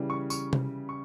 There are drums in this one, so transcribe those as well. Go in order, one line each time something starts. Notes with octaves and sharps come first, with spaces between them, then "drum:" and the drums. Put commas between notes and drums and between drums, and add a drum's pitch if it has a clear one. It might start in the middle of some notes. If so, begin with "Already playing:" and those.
Already playing: C#3 E3 G3
C#6
C#6, drum: tambourine
drum: tom C3
C#6